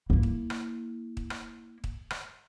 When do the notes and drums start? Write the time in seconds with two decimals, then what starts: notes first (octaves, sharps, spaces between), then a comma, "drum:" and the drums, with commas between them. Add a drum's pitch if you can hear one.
0.10 A#3 E4
0.23 drum: kick
0.50 drum: rim click
1.17 drum: kick
1.30 drum: rim click
1.84 drum: kick
2.10 drum: rim click